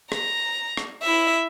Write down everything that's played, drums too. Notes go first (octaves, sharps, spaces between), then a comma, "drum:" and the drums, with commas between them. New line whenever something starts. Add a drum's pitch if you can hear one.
A#5, drum: rim click
drum: rim click
E4 E5